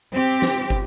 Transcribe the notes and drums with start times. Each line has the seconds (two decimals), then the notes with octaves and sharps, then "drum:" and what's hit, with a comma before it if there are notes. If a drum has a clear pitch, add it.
0.14 C4 G4
0.42 drum: snare
0.70 drum: kick